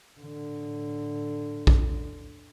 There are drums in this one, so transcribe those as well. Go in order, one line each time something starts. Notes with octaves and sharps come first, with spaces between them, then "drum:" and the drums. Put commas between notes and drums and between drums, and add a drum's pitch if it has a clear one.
A2 D3
drum: kick A#1